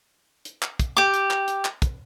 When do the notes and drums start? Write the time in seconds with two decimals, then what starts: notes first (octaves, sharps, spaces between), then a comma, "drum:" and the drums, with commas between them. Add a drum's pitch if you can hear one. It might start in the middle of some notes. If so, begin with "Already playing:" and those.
0.45 drum: hi-hat
0.62 drum: clap
0.79 drum: kick, hi-hat
0.97 G4 D6
1.14 drum: hi-hat
1.31 drum: clap
1.48 drum: hi-hat
1.65 drum: clap
1.82 drum: kick, hi-hat